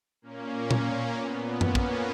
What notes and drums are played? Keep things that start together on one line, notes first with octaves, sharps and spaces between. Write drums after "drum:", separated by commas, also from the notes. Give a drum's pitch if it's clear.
A#2 A#3 C#4
drum: tom A#2
A#2 B3
A#3 C#4, drum: tom F#2
drum: kick